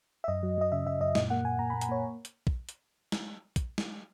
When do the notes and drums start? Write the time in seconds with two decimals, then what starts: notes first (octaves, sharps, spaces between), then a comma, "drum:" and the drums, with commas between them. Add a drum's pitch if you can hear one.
0.24 E5
0.28 F#2 D#5
0.43 F#3
0.58 F#3 D#5
0.72 C#3 E5
0.86 C#3 E5
1.00 F#2 D#5
1.15 A#2 D#5, drum: snare
1.30 A#3 F#5
1.44 A#2 G#5
1.59 A#2 A#5
1.70 B5
1.73 A#2
1.81 G#5, drum: hi-hat
1.89 A#3 C#5
2.25 drum: hi-hat
2.47 drum: kick
2.69 drum: hi-hat
3.12 drum: snare
3.56 drum: kick, hi-hat
3.78 drum: snare